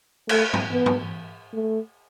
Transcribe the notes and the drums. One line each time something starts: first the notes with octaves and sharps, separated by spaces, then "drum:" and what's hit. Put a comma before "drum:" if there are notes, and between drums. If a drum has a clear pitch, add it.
A3, drum: cymbal
drum: tom G#2
B3
drum: tom G#2
A3